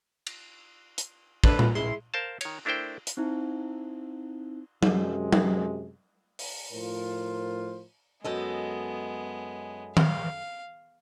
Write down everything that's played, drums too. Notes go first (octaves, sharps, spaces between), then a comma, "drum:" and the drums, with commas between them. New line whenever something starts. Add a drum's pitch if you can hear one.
drum: cymbal
drum: hi-hat
D4 A4 B4, drum: kick
A#2, drum: tom A#2
G#3 E4 C6
A#4 C5 F5 A5
D#3 C#5, drum: cymbal
A3 D4 E4 A#4 C5 G5
drum: hi-hat
C4 D#4 E4
F#2 C3 G#3, drum: tom
drum: tom
drum: open hi-hat
A2 F3 F4 A#4 C5
F#2 G#3 B3 A4 D#5
F5, drum: tom D#3